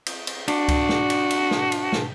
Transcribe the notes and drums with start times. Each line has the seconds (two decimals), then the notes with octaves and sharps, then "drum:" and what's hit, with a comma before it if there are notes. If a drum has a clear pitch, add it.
0.06 drum: cymbal
0.27 drum: cymbal
0.48 D4 F#4, drum: cymbal
0.68 drum: kick C#2, cymbal
0.89 drum: snare
1.10 drum: cymbal
1.30 drum: cymbal
1.51 drum: snare
1.72 drum: cymbal
1.92 drum: snare